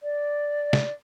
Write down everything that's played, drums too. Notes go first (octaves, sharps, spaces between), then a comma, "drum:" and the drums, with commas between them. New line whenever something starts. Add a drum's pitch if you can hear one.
D5
drum: snare